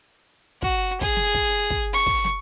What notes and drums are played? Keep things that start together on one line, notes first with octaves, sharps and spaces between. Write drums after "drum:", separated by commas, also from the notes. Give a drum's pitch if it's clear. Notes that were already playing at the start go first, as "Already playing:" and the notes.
F#4, drum: kick
G#4, drum: kick
drum: snare
drum: kick
drum: kick
C#6
drum: kick
drum: snare